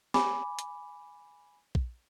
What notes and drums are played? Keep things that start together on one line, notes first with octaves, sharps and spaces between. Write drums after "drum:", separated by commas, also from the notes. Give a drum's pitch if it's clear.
G#5 B5 D6, drum: snare
drum: hi-hat
drum: kick A#1